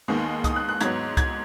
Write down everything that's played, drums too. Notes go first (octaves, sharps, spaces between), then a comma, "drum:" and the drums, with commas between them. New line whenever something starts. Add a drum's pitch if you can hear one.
D#2 D#3 G#3 B3
D#6, drum: kick C2, hi-hat
F#6
F#6
G#2 F#3 B3 G#6, drum: hi-hat
G#6, drum: kick C2, hi-hat